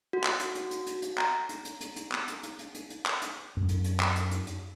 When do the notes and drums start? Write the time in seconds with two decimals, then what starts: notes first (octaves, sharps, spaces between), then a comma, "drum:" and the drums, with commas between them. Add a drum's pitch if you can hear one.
0.13 F#4
0.24 drum: clap
0.39 drum: hi-hat
0.55 drum: hi-hat
0.71 drum: hi-hat
0.87 drum: hi-hat
1.02 drum: hi-hat
1.18 A#5, drum: clap
1.49 drum: hi-hat
1.65 drum: hi-hat
1.81 drum: hi-hat
1.96 drum: hi-hat
2.12 drum: clap
2.28 drum: hi-hat
2.43 drum: hi-hat
2.59 drum: hi-hat
2.75 drum: hi-hat
2.90 drum: hi-hat
3.06 drum: clap
3.22 drum: hi-hat
3.57 F#2
3.69 drum: hi-hat
3.84 drum: hi-hat
4.00 drum: clap
4.16 drum: hi-hat
4.31 drum: hi-hat
4.47 drum: hi-hat